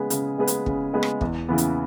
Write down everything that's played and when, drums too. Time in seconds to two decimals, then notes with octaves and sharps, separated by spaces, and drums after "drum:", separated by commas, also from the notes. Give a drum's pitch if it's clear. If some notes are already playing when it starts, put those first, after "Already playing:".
Already playing: C#3 G#3 B3 G#4 B4
0.10 C#3, drum: hi-hat
0.38 G#3 B3 G#4 B4
0.47 drum: hi-hat
0.66 C#3, drum: kick
0.93 G#3 B3 G#4 B4
1.03 drum: rim click
1.21 E2, drum: kick
1.48 C#3 E3 B3
1.58 drum: hi-hat